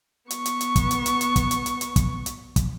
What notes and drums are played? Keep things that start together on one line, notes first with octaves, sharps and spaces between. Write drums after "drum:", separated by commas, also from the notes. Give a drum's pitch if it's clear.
B3 C#6, drum: hi-hat
drum: hi-hat
drum: hi-hat
drum: kick, hi-hat
drum: hi-hat
drum: hi-hat
drum: hi-hat
drum: kick, hi-hat
drum: hi-hat
drum: hi-hat
drum: hi-hat
drum: kick, hi-hat
drum: hi-hat
drum: kick, hi-hat